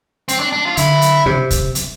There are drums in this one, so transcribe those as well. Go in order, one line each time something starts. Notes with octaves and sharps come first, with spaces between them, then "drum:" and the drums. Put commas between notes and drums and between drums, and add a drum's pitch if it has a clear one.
C4, drum: hi-hat
D4
D4
F4
D3 E4, drum: hi-hat
drum: hi-hat
C3
drum: kick, hi-hat
drum: hi-hat